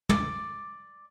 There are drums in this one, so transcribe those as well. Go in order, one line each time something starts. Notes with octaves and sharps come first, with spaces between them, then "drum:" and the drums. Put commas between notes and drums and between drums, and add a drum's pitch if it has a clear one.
D5, drum: tom